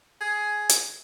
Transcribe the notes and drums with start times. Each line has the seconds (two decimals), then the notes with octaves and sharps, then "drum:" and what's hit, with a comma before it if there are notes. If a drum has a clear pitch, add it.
0.21 G#4
0.69 drum: hi-hat